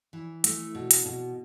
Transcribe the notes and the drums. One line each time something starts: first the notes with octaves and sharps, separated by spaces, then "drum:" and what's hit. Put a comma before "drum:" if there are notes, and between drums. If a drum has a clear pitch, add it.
E3
A3, drum: hi-hat
B2
drum: hi-hat
B2